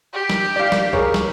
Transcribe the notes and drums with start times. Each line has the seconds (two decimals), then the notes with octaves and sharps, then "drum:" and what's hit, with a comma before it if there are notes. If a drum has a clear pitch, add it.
0.13 G4
0.30 drum: snare
0.56 D5 F5
0.72 drum: snare
0.93 G#4 A#4 C#5, drum: kick C2
1.14 drum: snare